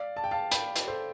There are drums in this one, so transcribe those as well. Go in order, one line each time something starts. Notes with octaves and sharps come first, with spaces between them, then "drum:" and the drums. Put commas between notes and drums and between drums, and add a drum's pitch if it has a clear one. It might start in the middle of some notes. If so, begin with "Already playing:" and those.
Already playing: D5 F5
A5
G5
F5 A5
G5 B5, drum: hi-hat
drum: hi-hat
A4 C5